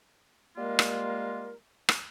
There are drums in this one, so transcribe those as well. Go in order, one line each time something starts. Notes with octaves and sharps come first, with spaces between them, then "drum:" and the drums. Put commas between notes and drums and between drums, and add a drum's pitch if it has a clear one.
G3 G#3 A#3 F4 A#4
drum: rim click
drum: rim click